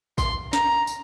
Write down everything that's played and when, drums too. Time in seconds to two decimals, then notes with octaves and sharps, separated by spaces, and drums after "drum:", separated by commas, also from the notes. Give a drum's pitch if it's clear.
0.18 C6, drum: kick, tambourine
0.53 A#5, drum: snare
0.87 drum: tambourine